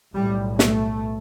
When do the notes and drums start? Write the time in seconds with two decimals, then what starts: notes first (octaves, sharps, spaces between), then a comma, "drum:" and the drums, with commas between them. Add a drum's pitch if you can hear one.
0.15 B1 A2 G3
0.59 A3, drum: snare